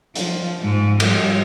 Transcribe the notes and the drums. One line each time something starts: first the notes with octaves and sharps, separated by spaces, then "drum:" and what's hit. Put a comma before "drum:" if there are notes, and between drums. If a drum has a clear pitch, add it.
F3, drum: hi-hat
G#2 G#3
F3 G3, drum: cymbal